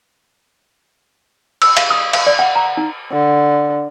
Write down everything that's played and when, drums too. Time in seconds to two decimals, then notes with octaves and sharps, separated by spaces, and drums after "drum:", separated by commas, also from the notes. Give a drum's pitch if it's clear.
1.62 E6, drum: cymbal
1.77 F5, drum: cymbal
1.90 D#6
2.13 F5, drum: cymbal
2.27 D5
2.39 F#5
2.55 A#5
2.77 D#4
3.12 D3